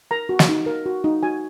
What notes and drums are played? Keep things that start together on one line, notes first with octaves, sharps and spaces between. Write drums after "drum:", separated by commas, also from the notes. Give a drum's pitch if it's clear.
A#4 A#5
F#4
drum: snare
D#4
A#4
F#4
D#4
F#4 G#5